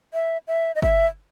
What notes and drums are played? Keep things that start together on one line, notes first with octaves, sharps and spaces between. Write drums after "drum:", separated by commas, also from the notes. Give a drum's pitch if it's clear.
E5
E5
D#5
E5, drum: kick